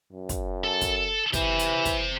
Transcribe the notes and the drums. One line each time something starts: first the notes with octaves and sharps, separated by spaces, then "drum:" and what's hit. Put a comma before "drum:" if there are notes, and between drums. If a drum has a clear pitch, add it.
F#2
drum: kick, hi-hat
A4 A5
drum: kick, hi-hat
E3 G4 C5, drum: kick, hi-hat
drum: hi-hat
drum: kick, hi-hat